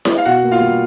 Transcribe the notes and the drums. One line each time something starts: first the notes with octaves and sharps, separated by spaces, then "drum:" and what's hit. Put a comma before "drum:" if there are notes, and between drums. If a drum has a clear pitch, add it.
drum: snare E4
F5
B2 F#4 F#5
A#3
F4 F5
G3